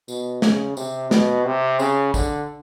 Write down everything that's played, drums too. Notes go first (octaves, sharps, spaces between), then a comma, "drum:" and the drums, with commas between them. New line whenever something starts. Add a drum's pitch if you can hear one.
B2, drum: tambourine
C#3, drum: snare
C3, drum: tambourine
B2, drum: snare
C3
C#3, drum: tambourine
D3, drum: kick, tambourine